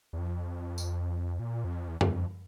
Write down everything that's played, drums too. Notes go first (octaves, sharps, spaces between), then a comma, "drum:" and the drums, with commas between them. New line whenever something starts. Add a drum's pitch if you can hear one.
E2
F2
drum: tambourine
A#2
F2
E2
E2, drum: tom F#2
F2